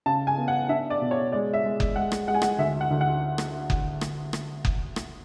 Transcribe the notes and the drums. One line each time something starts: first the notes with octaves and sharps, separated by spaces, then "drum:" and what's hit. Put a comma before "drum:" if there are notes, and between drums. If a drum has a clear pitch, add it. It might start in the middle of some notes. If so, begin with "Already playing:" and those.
C#3 A5
G#5
B3
F#5
D4 E5
D5
B2
C#5
G#3 D5
E5
G#3
drum: kick F#1
G#3 F#5
drum: rim click
G#3 F#5
G#5
F#5, drum: rim click
D2 E5
F#5
D2
F#5
drum: rim click
drum: kick F#1
drum: rim click
drum: rim click
drum: kick F#1
drum: rim click